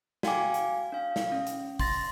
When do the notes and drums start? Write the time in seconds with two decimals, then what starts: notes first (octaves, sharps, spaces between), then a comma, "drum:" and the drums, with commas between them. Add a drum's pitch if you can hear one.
0.23 F#4 F5 G5 G#5 D6, drum: snare
0.54 drum: hi-hat
0.92 D4 F5
1.16 drum: snare
1.31 C#4
1.47 drum: hi-hat
1.79 C6 A6 A#6, drum: kick, open hi-hat